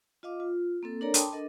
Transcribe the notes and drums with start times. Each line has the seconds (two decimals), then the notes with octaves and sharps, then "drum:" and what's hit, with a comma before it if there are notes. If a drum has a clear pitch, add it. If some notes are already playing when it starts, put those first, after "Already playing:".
0.23 F4 D#5 F5 D6
0.40 F4
0.83 A#3 C4 A4
1.01 D4 A4 A#4 C#5 D5 A#5
1.14 G5 A5 B5 C6 D6 D#6, drum: hi-hat
1.33 D4 A4 A#4 D#5